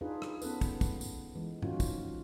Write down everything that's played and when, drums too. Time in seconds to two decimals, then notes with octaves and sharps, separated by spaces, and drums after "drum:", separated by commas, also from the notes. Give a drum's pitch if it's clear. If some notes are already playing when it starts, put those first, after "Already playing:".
0.01 D4 D#4 F4 G#4 B4
0.22 drum: rim click
0.42 B3 C#4 A4 B4, drum: tambourine
0.61 drum: kick, tambourine
0.81 drum: kick, tambourine
1.01 drum: tambourine
1.36 E3 G#3
1.62 D#3 F3 C#4 F4 F#4, drum: tom
1.80 drum: kick, tambourine